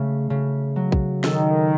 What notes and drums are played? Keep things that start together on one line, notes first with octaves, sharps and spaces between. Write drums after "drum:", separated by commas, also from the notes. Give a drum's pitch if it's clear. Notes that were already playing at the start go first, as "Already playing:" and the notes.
Already playing: C#3 A3
C#3
F#3
drum: kick
D#3 A4, drum: snare